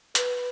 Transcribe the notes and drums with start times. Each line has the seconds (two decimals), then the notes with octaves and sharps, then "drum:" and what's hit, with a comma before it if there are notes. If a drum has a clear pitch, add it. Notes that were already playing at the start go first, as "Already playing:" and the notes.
0.15 B4, drum: hi-hat